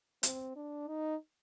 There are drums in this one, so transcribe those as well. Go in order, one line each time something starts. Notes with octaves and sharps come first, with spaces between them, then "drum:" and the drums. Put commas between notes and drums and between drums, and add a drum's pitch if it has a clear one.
C4, drum: hi-hat
D4
D#4